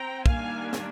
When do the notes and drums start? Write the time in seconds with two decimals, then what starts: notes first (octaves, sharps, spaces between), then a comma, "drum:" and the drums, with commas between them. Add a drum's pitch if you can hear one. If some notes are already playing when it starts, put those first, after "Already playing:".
Already playing: C4 G5 A#5
0.26 D#3 G3 A#3 D4 F5 G#5, drum: kick
0.73 drum: snare